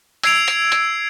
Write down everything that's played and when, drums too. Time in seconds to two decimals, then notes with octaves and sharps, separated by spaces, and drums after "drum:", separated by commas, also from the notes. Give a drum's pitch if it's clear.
0.23 E6 G#6 C7 D7 F7, drum: hi-hat
0.48 drum: hi-hat
0.72 drum: hi-hat